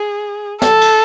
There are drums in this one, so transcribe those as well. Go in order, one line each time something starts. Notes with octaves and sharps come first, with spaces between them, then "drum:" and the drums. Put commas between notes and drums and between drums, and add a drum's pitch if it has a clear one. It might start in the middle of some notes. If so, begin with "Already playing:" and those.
Already playing: G#4
A4, drum: snare
drum: cymbal